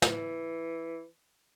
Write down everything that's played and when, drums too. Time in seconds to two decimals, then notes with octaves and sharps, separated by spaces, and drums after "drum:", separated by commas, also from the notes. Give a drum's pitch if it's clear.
0.02 E3, drum: snare